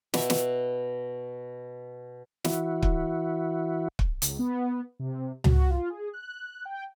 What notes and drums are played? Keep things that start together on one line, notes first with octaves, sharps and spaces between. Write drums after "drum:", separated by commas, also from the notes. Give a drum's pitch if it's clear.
B2 E5, drum: snare
drum: snare
E3 E4 F#4, drum: snare
drum: kick
drum: kick
C#2, drum: hi-hat
B3
C3
F#4, drum: tom C#2
F4
G#4
F#6
G5